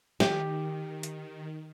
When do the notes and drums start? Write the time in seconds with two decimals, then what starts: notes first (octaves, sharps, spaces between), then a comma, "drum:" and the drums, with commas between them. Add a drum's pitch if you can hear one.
0.20 D#3 G4, drum: snare
1.03 drum: hi-hat